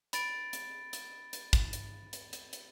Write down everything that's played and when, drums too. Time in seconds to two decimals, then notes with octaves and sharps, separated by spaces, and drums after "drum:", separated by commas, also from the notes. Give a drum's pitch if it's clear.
0.13 B5 A6 D7, drum: hi-hat
0.53 drum: hi-hat
0.93 drum: hi-hat
1.33 drum: hi-hat
1.53 drum: kick, hi-hat
1.73 drum: hi-hat
2.13 drum: hi-hat
2.33 drum: hi-hat
2.53 drum: hi-hat